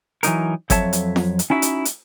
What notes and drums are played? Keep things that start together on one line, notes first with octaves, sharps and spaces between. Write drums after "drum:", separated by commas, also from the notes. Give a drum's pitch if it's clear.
E3 F#3 D#4 A#4, drum: hi-hat
F2 F#3 A4 C#5 E5 A5, drum: kick G1, hi-hat
drum: hi-hat
drum: snare F4
drum: hi-hat
C#4 D#4 E4 F#4 E5
drum: hi-hat
drum: hi-hat